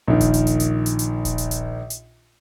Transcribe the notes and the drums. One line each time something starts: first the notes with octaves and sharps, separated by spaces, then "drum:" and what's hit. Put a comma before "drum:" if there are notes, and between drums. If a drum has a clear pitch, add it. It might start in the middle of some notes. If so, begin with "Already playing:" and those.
A#1 D#3
drum: kick D#1, hi-hat
drum: hi-hat
drum: hi-hat
drum: hi-hat
drum: hi-hat
drum: hi-hat
drum: kick D#1, hi-hat
drum: hi-hat
drum: hi-hat
drum: hi-hat